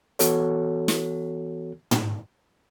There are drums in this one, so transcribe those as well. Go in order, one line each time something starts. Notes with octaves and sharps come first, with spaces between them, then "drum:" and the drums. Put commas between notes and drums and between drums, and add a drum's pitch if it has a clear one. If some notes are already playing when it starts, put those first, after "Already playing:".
E3 B3 F#4 A4 C#5, drum: hi-hat
drum: snare
drum: tom